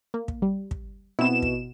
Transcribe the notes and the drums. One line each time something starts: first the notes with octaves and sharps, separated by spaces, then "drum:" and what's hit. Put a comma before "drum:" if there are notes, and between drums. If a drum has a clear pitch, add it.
A#3
drum: kick
G3
drum: kick
B2 C4 E4 E7
drum: kick